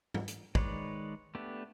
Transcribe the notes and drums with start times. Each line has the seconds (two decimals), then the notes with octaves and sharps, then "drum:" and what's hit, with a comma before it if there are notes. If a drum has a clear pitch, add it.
0.14 drum: tom G#2
0.28 drum: hi-hat
0.55 D#3 G#3 B4 C#5 D5, drum: kick
1.35 A3 B3 D4 G4